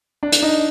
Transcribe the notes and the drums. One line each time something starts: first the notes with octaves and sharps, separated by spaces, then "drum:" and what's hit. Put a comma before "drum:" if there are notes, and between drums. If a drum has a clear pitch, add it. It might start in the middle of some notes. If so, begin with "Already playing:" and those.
D4
drum: hi-hat
D#4